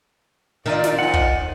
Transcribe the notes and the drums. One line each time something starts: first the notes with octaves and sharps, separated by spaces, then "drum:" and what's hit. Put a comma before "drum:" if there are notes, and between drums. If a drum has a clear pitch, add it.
A#2 D#3 D4 F4 D5 E5
drum: snare
F2 D#4 F#5
drum: kick